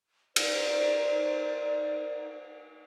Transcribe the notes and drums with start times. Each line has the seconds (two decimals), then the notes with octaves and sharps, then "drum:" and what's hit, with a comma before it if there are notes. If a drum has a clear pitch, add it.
0.36 D#4 A#4 C5 D5, drum: cymbal